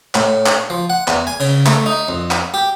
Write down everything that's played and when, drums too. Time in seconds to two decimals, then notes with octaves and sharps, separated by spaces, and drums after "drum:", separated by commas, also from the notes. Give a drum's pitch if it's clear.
0.15 A2, drum: clap
0.46 drum: clap
0.70 F3
0.90 F#5
1.08 E2, drum: clap
1.27 G#5
1.40 C#3, drum: cymbal
1.66 A3, drum: clap
1.86 D#4
2.08 F2
2.31 drum: clap
2.54 G4